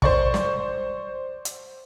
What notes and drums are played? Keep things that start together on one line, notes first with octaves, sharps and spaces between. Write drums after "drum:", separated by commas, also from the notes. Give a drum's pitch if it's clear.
C5 D5 C#6, drum: kick
drum: snare
drum: hi-hat